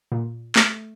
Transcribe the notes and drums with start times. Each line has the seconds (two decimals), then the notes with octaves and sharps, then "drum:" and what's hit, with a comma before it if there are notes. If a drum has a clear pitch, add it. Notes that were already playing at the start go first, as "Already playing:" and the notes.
0.12 A#2
0.56 A3, drum: clap